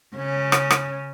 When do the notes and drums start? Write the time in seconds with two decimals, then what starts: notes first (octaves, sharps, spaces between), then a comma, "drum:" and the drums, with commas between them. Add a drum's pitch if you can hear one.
0.15 C#3 C#4
0.52 drum: rim click
0.71 drum: rim click